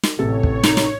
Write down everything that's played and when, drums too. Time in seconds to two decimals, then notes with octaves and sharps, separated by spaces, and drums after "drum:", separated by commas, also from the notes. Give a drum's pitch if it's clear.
0.03 drum: snare
0.19 A1 C3 A4 C#5
0.43 drum: kick
0.64 D#4, drum: snare
0.77 drum: snare